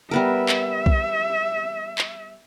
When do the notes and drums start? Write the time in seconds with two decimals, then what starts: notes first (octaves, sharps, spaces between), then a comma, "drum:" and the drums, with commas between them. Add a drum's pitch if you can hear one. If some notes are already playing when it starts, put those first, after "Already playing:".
0.11 G3 B3 A#4 E5
0.49 drum: clap
0.86 drum: kick B1
1.98 drum: clap